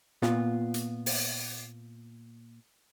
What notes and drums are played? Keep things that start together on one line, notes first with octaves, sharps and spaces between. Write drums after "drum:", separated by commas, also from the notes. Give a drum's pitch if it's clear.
A#2 B3 F4, drum: snare
drum: hi-hat
drum: open hi-hat